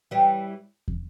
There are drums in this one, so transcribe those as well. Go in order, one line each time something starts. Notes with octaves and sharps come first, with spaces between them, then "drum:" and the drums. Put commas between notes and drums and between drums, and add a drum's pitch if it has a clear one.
E3 G3
drum: kick